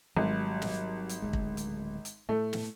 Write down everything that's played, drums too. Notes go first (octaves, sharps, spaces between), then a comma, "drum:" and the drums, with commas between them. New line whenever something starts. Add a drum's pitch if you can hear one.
G#1 F#3 G3
drum: snare
drum: hi-hat
D1 G1 G#3
drum: kick
drum: hi-hat
drum: hi-hat
A2 A3
drum: snare